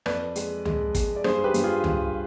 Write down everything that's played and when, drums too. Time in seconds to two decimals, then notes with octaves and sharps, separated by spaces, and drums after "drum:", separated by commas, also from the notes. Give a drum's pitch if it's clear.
0.06 F2 B4 D5, drum: rim click
0.36 G#3, drum: hi-hat
0.65 G#3, drum: tom C#2
0.95 G#3, drum: kick, hi-hat
1.16 D5
1.24 G2 G#4 C5, drum: rim click
1.44 G4 B4
1.54 G2, drum: hi-hat
1.64 F4 G#4
1.84 G2, drum: tom C#2